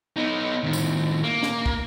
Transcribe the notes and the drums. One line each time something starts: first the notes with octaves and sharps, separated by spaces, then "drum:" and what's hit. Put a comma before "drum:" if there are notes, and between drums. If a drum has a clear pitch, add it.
B3 D#4
A2 D#3
drum: tambourine
A#3
drum: snare
drum: kick